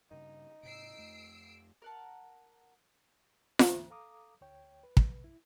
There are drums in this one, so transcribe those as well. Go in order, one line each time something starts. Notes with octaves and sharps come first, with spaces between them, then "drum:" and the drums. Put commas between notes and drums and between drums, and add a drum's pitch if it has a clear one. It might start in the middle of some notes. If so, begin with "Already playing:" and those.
G2 C#3 D#4
G#2 C3 E6 C7 D7
F2 A3
A#4 F#5 A5
D2 G#2 E3 A#3 C#4, drum: snare F4
A4 F5 A#5 D6 D#6
D2 C#5 G5
B4
drum: kick
E4